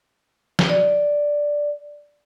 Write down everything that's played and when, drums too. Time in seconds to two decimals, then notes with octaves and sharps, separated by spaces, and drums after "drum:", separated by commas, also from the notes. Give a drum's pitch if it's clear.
0.59 drum: snare
0.69 D5